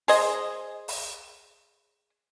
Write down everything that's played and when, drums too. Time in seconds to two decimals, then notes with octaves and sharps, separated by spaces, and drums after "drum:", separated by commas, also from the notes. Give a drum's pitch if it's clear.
0.08 G#4 C5 D#5, drum: open hi-hat
0.88 drum: open hi-hat